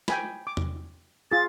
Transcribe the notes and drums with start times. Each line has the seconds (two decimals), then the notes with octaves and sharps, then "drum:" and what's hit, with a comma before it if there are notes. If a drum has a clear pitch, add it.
0.08 G5 G#5 B5, drum: snare
0.47 D6
0.57 drum: tom E2
1.31 F4 G#4 A6